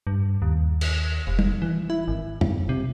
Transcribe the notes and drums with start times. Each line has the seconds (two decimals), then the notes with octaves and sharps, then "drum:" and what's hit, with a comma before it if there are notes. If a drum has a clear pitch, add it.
0.07 G2
0.42 D#2
0.81 drum: cymbal
1.27 F1
1.39 drum: tom G3
1.62 E3
1.90 E4
2.08 G#1
2.41 drum: tom F2
2.69 C3